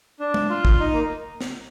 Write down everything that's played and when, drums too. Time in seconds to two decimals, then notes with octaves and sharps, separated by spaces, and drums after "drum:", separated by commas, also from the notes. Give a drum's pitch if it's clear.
0.20 D4
0.34 drum: tom G#3
0.50 F4
0.65 drum: kick
0.80 D#4
0.93 A#3
1.41 drum: snare